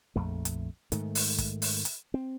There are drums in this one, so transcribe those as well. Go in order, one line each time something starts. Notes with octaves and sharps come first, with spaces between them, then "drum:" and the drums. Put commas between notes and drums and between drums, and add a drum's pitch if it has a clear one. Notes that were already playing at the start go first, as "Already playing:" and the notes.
A#1 F2 A3
drum: hi-hat
G#2 D#3 A3, drum: hi-hat
drum: open hi-hat
drum: kick, hi-hat
drum: open hi-hat
drum: hi-hat
C4